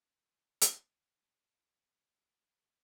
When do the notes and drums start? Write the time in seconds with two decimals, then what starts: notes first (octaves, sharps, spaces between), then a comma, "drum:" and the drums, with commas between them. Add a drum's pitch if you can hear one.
0.05 G#3 F#6
0.62 drum: hi-hat